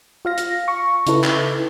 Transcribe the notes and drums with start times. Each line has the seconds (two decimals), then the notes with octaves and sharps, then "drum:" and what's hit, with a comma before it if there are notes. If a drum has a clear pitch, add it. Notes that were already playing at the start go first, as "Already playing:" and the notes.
0.25 F4 F5 A#6
0.38 drum: hi-hat
0.68 C#6
1.07 C#3 D#4 E4 A4 B4, drum: hi-hat
1.24 drum: clap